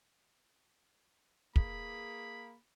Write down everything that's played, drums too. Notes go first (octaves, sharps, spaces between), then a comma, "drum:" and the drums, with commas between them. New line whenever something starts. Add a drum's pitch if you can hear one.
A#3 G#4 B5, drum: kick